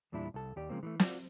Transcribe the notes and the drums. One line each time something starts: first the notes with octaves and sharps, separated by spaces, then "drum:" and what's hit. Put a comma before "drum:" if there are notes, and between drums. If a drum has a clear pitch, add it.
E2 A#2 G3 D4 E4
C2 A4
D#2 G4 D5
C#3 F3 G#3 A#3 C4
E3 G#3 A3
F4 F#4 D5, drum: snare